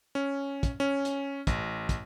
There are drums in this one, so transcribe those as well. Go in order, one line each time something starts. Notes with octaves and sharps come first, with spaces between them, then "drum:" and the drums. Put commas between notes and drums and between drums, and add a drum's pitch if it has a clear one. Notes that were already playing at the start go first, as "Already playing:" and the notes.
C#4
drum: kick, hi-hat
C#4
drum: hi-hat
A1, drum: kick, hi-hat
drum: kick, hi-hat